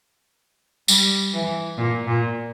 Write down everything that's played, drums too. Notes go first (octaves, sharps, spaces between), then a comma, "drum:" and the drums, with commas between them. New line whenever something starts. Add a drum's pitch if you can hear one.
G3, drum: tambourine
E3
A#2
A#2